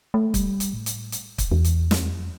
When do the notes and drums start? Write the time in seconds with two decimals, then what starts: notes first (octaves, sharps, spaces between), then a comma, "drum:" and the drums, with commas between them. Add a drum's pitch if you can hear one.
0.14 A3
0.34 G3, drum: kick, hi-hat
0.60 drum: hi-hat
0.74 A2
0.86 drum: hi-hat
1.12 drum: hi-hat
1.38 drum: kick, hi-hat
1.51 E2
1.64 drum: hi-hat
1.91 F2, drum: snare
2.01 E2
2.10 F2